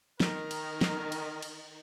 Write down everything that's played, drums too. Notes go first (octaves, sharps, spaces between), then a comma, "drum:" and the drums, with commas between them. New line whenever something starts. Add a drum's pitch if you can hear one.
D#3 A#4, drum: snare
drum: cymbal
drum: snare
drum: cymbal
drum: cymbal